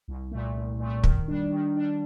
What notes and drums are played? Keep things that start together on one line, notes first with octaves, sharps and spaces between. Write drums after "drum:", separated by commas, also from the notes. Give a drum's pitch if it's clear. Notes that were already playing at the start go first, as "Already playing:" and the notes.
C2
A#2 A3
C2
A#2 A3
D#3, drum: kick
G3 D4
D#3
G3 D4